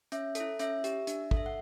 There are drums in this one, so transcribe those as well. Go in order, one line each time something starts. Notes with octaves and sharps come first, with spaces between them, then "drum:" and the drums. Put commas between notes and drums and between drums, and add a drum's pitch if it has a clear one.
C#4 E5, drum: hi-hat
A4, drum: hi-hat
E4
C#4 E5, drum: hi-hat
G4, drum: hi-hat
D4, drum: hi-hat
A4, drum: kick
E5
F#5